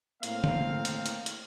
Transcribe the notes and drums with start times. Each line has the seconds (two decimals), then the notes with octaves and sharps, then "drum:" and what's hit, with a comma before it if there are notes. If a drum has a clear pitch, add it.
0.23 A2 A#3 C4 F5, drum: hi-hat
0.44 drum: tom D3
0.85 drum: hi-hat
1.06 drum: hi-hat
1.26 drum: hi-hat